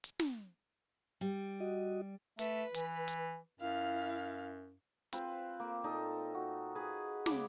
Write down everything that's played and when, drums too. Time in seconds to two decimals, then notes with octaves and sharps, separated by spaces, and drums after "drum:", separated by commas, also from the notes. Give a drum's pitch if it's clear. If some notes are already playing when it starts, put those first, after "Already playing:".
0.04 drum: hi-hat
0.20 drum: snare
1.21 G3
1.60 F#4 D#5
2.39 A3 B4, drum: hi-hat
2.74 E3, drum: hi-hat
3.08 drum: hi-hat
3.60 F#2 E4 F5
5.13 C4 F4 B4 C5, drum: hi-hat
5.60 A#3
5.84 A#2 D#4 A4 A5
6.35 F#4
6.75 G#4 B4
7.26 C#3 G#3 B5 D6, drum: snare